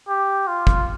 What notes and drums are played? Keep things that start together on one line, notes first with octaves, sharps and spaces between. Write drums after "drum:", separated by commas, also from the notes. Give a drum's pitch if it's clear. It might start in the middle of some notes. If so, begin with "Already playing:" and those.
G4
F4
drum: kick